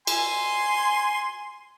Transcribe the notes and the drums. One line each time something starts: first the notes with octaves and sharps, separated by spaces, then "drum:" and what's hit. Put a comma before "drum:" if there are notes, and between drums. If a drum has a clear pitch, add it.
G#5 C6, drum: cymbal